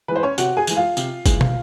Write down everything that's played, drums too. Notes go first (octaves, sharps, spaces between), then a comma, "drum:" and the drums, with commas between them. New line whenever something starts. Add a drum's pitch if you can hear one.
E3 G#3 B4
C5
C#4 C#5
C3 F#4 F#5, drum: tambourine
G#4 G#5
E3 G#3, drum: tambourine
F4 F5
C3, drum: tambourine
E3 G#3, drum: kick F#1, tambourine
drum: tom